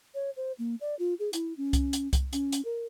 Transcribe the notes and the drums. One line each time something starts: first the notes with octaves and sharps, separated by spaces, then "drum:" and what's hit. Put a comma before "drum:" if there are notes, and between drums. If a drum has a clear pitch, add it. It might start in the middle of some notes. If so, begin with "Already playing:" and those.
C#5
C5
A#3
D5
F4
G#4
E4, drum: hi-hat
C#4
drum: kick C2, hi-hat
drum: hi-hat
drum: kick C2, hi-hat
C#4, drum: hi-hat
drum: hi-hat
A#4